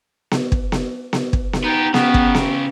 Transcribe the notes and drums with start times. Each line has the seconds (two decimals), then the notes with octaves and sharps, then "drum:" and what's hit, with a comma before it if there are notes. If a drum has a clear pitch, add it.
0.31 drum: snare B3
0.52 drum: kick
0.72 drum: snare B3
1.13 drum: snare B3
1.33 drum: kick
1.53 drum: snare B3
1.64 B3 D#4 G4
1.94 C#3 B3 G4, drum: snare B3
2.14 drum: kick
2.35 drum: snare B3